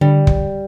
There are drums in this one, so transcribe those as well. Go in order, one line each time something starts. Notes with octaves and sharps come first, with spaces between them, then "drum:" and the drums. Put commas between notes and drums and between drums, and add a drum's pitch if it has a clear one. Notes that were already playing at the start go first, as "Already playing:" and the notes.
D3 G3
drum: kick